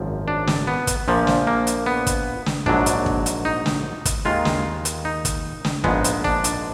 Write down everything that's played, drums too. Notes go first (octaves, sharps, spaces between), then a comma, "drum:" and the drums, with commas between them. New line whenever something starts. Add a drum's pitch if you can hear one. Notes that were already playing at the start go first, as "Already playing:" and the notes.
Already playing: G#1 F#2 F3
D4
drum: snare
B3
drum: kick, hi-hat
A#1 A#2 F3
drum: snare
A#3
drum: hi-hat
B3
drum: kick, hi-hat
drum: snare
A#1 G#2 F#3 D4, drum: kick
drum: hi-hat
drum: kick
drum: hi-hat
D#4
drum: snare
drum: kick, hi-hat
D#2 D#3 G#3 F4
drum: snare
drum: hi-hat
D#4
drum: kick, hi-hat
drum: snare
A#1 G#2 F3 G#3 B3, drum: kick
drum: hi-hat
D4, drum: kick
drum: hi-hat